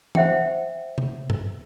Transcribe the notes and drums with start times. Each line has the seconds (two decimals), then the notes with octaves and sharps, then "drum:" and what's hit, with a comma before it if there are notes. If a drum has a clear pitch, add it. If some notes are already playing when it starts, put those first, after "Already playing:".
0.15 C5 E5 F#5 G5, drum: tom
0.98 drum: tom C3
1.30 drum: tom G2